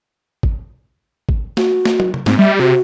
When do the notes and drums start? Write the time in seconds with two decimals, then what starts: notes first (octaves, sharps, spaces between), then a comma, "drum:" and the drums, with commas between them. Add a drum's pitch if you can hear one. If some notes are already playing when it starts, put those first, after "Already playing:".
0.43 drum: kick
1.29 drum: kick
1.57 F#4, drum: snare
1.85 drum: snare
2.00 drum: tom
2.14 drum: tom C3
2.26 G#2 C4, drum: snare
2.39 G3 E5
2.60 C3 F#4